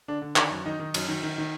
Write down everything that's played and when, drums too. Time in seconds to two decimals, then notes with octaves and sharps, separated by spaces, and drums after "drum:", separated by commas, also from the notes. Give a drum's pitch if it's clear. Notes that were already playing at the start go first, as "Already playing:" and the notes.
0.08 D3 D4
0.22 D3
0.36 D#3 D4, drum: clap
0.51 F#2
0.65 D#3 D#4
0.79 D#3
0.94 F#2, drum: cymbal
1.08 D#3
1.23 D#3
1.38 D#3